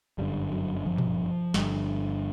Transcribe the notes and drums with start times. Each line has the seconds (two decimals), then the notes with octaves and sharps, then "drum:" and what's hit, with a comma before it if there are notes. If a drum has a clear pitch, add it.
0.18 G1 F#2 D3 G3
0.52 F#3
0.86 F3
0.98 drum: tom A#2
1.54 G1 G2 D3, drum: snare